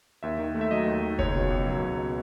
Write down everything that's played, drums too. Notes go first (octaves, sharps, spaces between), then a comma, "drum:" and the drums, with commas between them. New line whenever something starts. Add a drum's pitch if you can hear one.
D#2 E5
D#3
A3
E5
F#3 D#5
D#2
D#3
C#2 C#5, drum: kick F1
B2
C#2
F#3
C#2
B2